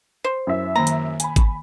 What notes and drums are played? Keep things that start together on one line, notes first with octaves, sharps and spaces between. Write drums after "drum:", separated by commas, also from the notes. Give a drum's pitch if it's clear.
C5
F#2 E4 E5
D#3 A#3 A#5
drum: hi-hat
G#5 B5, drum: hi-hat
drum: kick G#1, hi-hat